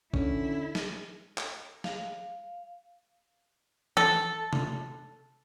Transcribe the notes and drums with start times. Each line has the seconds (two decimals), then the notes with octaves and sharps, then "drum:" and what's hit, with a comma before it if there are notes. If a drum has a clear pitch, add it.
0.14 D3 C#4 E4, drum: kick
0.75 drum: snare
1.38 drum: clap
1.84 F5, drum: snare
3.97 A4, drum: tom E3
4.53 drum: tom C3